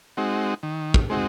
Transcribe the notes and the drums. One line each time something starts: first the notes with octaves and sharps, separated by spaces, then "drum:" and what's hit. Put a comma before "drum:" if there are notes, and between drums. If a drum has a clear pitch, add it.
G#3 C4 D#4 F#4
D#3
drum: kick
G#3 C4 D#4 F#4